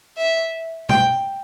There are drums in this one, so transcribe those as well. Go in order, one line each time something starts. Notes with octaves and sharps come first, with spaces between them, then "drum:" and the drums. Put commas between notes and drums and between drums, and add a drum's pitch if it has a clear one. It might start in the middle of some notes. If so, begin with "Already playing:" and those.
E5
G5, drum: tom B2